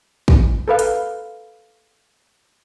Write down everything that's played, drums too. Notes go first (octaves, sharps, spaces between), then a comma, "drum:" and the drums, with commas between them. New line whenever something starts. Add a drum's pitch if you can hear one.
drum: kick
A4 B4 F5
drum: hi-hat